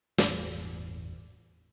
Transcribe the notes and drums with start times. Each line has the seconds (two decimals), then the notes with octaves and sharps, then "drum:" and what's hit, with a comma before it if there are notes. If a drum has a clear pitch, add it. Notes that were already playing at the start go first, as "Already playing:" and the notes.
0.18 G1 E2 A2 E3, drum: snare